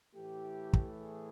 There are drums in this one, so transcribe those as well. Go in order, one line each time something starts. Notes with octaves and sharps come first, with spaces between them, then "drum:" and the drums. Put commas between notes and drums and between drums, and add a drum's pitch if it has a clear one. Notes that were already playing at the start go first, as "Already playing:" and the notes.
A2 E3 A3 G4
drum: kick
G#4